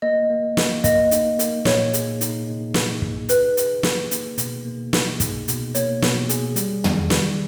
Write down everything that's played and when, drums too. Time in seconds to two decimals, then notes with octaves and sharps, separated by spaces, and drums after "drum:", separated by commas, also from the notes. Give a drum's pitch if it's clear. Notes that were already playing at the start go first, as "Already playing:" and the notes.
0.02 A#3 D#5
0.30 A#3
0.57 A#3, drum: snare
0.84 A#3 D#5, drum: kick, hi-hat
1.11 D#4, drum: hi-hat
1.39 A#3, drum: hi-hat
1.65 A#2 C#5, drum: snare
1.93 G#4, drum: hi-hat
2.21 D#4, drum: hi-hat
2.47 D#4
2.74 G#4, drum: snare
3.02 D#4, drum: kick
3.29 G#4 B4, drum: hi-hat
3.57 G#4, drum: hi-hat
3.83 A#3, drum: snare
4.11 A#3, drum: hi-hat
4.38 B2, drum: hi-hat
4.65 A#3
4.93 D#4, drum: snare
5.20 G#4, drum: kick, hi-hat
5.48 B2, drum: hi-hat
5.75 A#3 C#5, drum: hi-hat
6.02 B2, drum: snare
6.29 G#4, drum: hi-hat
6.56 G3, drum: hi-hat
6.84 D#3, drum: tom
7.10 G3, drum: snare